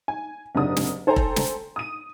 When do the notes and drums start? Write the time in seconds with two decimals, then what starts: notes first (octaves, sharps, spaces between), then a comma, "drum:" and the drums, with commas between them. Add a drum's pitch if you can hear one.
0.08 G#5
0.55 F#1 G#2 C3 F#3 D4 D#6
0.77 drum: snare
1.07 A4 C5 G5 G#5 A#5
1.16 drum: kick F1
1.36 drum: snare
1.76 D#6 D#7